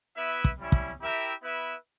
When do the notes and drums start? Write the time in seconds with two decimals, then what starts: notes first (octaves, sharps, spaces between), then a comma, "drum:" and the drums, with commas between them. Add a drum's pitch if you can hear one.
0.16 B3 E4 B4 E5
0.45 drum: kick
0.58 G3 C#4 E4
0.72 drum: kick
1.00 E4 G4 A#4 E5 G5
1.42 B3 E4 B4 E5